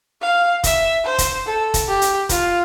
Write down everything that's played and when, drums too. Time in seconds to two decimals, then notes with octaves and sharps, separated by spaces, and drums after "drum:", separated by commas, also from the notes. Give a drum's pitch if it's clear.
0.21 F5
0.64 E5, drum: kick, hi-hat
1.04 C5
1.18 drum: kick, hi-hat
1.46 A4
1.74 drum: kick, hi-hat
1.88 G4
2.01 drum: hi-hat
2.29 F4, drum: kick, hi-hat